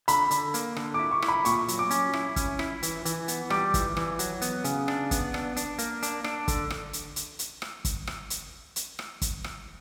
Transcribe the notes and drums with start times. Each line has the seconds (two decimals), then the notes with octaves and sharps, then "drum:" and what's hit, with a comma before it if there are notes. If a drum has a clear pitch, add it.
0.08 D3 B5, drum: hi-hat
0.31 D3, drum: hi-hat
0.54 A#3, drum: hi-hat
0.76 D3, drum: rim click
0.94 E4 D6
1.11 C#6
1.22 E4, drum: rim click
1.28 B5
1.45 A#2 C#6, drum: hi-hat
1.68 F#3, drum: hi-hat
1.79 D6
1.91 C#4, drum: hi-hat
2.13 E4, drum: rim click
2.36 C#4, drum: kick, hi-hat
2.59 E4, drum: rim click
2.83 E3, drum: hi-hat
3.05 E3, drum: hi-hat
3.28 B3, drum: hi-hat
3.50 G3 D6, drum: rim click
3.74 E3, drum: kick, hi-hat
3.97 E3, drum: rim click
4.19 F#3, drum: hi-hat
4.42 B3, drum: hi-hat
4.64 C#3, drum: hi-hat
4.88 D4, drum: rim click
5.11 B3, drum: kick, hi-hat
5.34 D4, drum: rim click
5.57 D4, drum: hi-hat
5.79 A#3, drum: hi-hat
6.03 D4, drum: hi-hat
6.24 D4, drum: rim click
6.48 D3, drum: kick, hi-hat
6.70 drum: rim click
6.93 drum: hi-hat
7.16 drum: hi-hat
7.39 drum: hi-hat
7.62 drum: rim click
7.85 drum: kick, hi-hat
8.07 drum: rim click
8.30 drum: hi-hat
8.76 drum: hi-hat
8.99 drum: rim click
9.22 drum: kick, hi-hat
9.44 drum: rim click